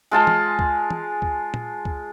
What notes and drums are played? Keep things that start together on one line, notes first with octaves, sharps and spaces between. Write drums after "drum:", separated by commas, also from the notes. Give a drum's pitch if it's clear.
G#3 F4 A5
drum: tom
drum: kick C#2
drum: tom
drum: kick C#2
drum: tom
drum: kick C#2